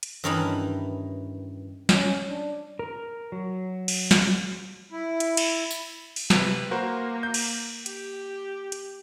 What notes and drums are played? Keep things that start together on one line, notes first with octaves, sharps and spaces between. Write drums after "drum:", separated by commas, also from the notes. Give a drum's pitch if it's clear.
drum: hi-hat
G2 D#3 E3 C#4 D#4 E4
C#4, drum: snare
D4
A#4
F#3
drum: cymbal
drum: snare
E4
drum: hi-hat
drum: cymbal
drum: tambourine
drum: open hi-hat
C3 B4, drum: snare
A#3 F#4 A#4 C5
G6
drum: cymbal
G4, drum: hi-hat
drum: hi-hat